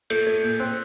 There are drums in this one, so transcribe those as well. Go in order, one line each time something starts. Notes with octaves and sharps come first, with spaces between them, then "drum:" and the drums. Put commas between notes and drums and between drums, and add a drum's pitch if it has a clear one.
A3 G6, drum: cymbal
A3 G#6
A#2 G6
C4 F#6